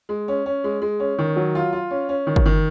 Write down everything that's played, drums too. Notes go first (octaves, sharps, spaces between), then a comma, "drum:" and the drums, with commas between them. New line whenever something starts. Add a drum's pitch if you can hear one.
G#3
C#4
C#4
G#3
G#3
C#4
D#3
F#3
F4
F4
C#4
C#4
D#3
drum: kick
D#3